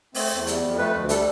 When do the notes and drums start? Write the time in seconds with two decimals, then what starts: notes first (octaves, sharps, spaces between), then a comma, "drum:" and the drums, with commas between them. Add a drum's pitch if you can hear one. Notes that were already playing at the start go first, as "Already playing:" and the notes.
0.15 A3 C4, drum: open hi-hat
0.31 E2
0.47 G3, drum: hi-hat
0.62 F2
0.78 A3 B4
0.94 D2
1.09 G3 A4, drum: hi-hat